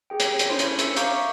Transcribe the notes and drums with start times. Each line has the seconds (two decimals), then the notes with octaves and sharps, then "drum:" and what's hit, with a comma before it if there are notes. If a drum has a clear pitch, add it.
0.10 G4 G#4 G5
0.20 drum: hi-hat
0.39 drum: hi-hat
0.49 C#4 D4 E4 C5 C#5 C6
0.59 drum: hi-hat
0.79 E6 C#7, drum: hi-hat
0.96 E5 F5 A#5 C#6 D6 G6, drum: hi-hat